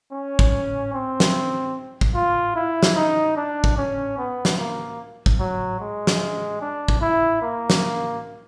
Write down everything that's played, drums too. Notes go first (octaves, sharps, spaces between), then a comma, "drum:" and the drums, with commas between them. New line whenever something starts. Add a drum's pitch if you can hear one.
C#4
drum: kick
C4
drum: snare
drum: kick
F4
E4
drum: snare
D#4
D4
drum: kick
C#4
B3
drum: snare
A#3
drum: kick
F#3
G#3
drum: snare
D4
drum: kick
E4
A#3
drum: snare